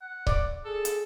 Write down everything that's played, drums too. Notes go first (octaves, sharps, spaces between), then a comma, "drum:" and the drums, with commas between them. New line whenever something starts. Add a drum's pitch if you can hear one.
F#5
D5, drum: kick C#1
G#4 A4
drum: hi-hat